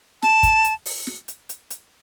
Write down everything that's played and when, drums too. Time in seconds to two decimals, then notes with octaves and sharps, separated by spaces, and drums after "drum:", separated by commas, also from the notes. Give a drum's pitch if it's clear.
0.22 A5, drum: snare
0.43 drum: kick, hi-hat
0.64 drum: hi-hat
0.86 drum: open hi-hat
1.07 drum: snare
1.28 drum: hi-hat
1.49 drum: hi-hat
1.70 drum: hi-hat